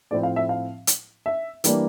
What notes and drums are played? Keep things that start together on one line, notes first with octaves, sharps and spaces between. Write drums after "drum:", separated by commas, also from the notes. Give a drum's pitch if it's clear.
A2 F3 C4 E4 D5
F5
E5
F5
drum: hi-hat
E5
E3 G3 A#3 D4, drum: hi-hat